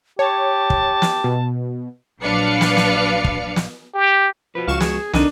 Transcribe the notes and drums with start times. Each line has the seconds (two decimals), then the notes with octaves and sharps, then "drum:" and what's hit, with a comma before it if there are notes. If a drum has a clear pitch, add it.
0.19 G4 C#5 A5
0.70 drum: kick
1.02 drum: snare
1.24 B2
2.22 A#1 F#3 D4 B4 F5 C#7
2.61 drum: snare
2.77 drum: snare
3.24 drum: kick
3.56 drum: snare
3.95 G4
4.55 F3 F#4 B4
4.68 C#2 F3 F#4 F5 C#6 E7
4.80 G#4, drum: snare
5.13 C2 D3 D4 D#4 A#4 D#7, drum: snare